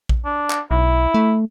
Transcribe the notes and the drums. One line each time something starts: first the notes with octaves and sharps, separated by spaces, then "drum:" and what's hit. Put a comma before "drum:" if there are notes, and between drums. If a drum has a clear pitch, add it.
drum: kick A#1
D4
drum: clap
B1 E4
A3